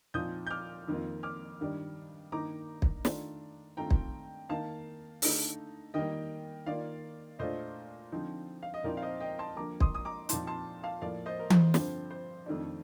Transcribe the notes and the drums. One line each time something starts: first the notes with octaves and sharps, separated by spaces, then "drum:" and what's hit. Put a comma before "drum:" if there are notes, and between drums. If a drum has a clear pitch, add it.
A#2 F3 C4 D#4 D#6 G6
G6
D6 F6
F2 D#3 A#3 F4
D6 F6
G2 D#3 G3 D4
G2 D#3 A#3 D#4 A#5 D6
drum: kick
D#3 A3 D4 F4, drum: snare
G2 D#3 A3 C4 F4 G5 A#5
drum: kick
D#3 A#3 D#4 F5 A5
D3 A3 D#4, drum: open hi-hat
D#3 G3 A#3 D#5 G5
D#3 A#3 F4 D5 F5
A#2 A3 D4 F4 C5 D#5
D3 F3 C4 D#4
F5
D#5
A#2 F3 C4 D#4 A#4 D5
F5
C5 D#5
D#5 G5
A5 C6
D3 F3 A#3 A#5 D6
C6 D#6, drum: kick
D#6
A#5 D6
A#2 F3 C4 D#4 A5 C6, drum: hi-hat
A5 C6
F5 A5
A2 F3 A#3 D5 F5
C5 D#5
A#4
C5, drum: tom E3
G2 D3 F3 C4 C5, drum: snare
C5
F2 D#3 A3 D4